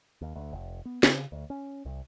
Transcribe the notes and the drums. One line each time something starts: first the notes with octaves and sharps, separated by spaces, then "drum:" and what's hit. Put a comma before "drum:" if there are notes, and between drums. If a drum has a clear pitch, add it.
D#2
D2
F1
B3
C#3, drum: snare
D2
C#4
C2